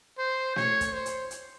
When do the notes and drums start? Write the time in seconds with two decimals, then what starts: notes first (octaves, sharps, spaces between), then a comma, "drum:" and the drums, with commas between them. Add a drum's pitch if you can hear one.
0.18 C5
0.56 C#5, drum: snare
0.81 drum: kick, hi-hat
0.93 C5
1.06 drum: hi-hat
1.31 drum: hi-hat